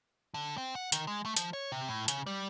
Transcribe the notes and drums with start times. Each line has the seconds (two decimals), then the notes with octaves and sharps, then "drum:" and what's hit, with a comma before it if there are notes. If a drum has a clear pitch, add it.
0.34 D3
0.58 C4
0.75 F#5
0.92 D#3, drum: hi-hat
1.07 G#3
1.25 A3
1.37 F3, drum: hi-hat
1.53 C#5
1.72 C3
1.88 A2
2.08 C#3, drum: hi-hat
2.26 G3